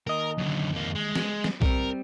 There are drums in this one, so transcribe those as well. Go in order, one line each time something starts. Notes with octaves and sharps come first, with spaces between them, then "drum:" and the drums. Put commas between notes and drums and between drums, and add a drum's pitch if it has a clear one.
D#2 A#4 D#5
F#2 D3
F2 A#3
G#3
drum: snare
drum: snare
G3 C4 A#4, drum: kick B1